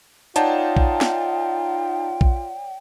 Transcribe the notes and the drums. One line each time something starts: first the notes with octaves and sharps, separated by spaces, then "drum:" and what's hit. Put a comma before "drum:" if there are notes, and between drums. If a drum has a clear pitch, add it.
D#4 F4 C#5 D5 F#5 G5 A5, drum: hi-hat
drum: kick A#1
drum: snare
drum: kick A#1